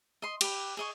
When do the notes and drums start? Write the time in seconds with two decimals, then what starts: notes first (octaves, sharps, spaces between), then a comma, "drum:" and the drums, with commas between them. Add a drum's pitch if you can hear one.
0.22 D#5 C6
0.41 G4 B4, drum: cymbal
0.77 G#4 D#5 C#6